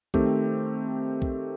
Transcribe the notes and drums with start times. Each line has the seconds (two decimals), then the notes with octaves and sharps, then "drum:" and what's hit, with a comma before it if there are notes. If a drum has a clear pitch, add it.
0.14 D#3 A3 C4 G4, drum: kick
1.22 drum: kick